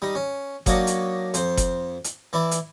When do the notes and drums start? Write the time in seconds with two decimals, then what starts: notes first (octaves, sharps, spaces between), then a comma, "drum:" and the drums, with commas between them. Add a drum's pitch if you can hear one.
0.02 G3 D#4
0.15 C#4
0.66 F#3 A#3 D4 D#4 C#5, drum: kick F#1, hi-hat
0.87 drum: hi-hat
1.34 F2 C5, drum: hi-hat
1.57 drum: kick F#1, hi-hat
2.04 drum: hi-hat
2.33 E3 E4 D5
2.51 drum: hi-hat